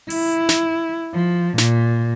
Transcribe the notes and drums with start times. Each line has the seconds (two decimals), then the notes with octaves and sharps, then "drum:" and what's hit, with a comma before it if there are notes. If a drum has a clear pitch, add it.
0.10 E4, drum: open hi-hat
0.49 drum: snare
1.15 F3
1.58 A#2, drum: snare